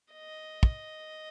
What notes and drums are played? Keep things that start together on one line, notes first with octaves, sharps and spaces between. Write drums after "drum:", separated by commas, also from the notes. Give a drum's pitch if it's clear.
D#5
drum: kick